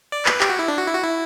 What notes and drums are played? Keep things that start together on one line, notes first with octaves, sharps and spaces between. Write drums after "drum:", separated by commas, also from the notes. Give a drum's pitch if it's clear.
D5
B4, drum: clap
G4, drum: clap
F#4
E4
D4
F#4
E4
F#4
E4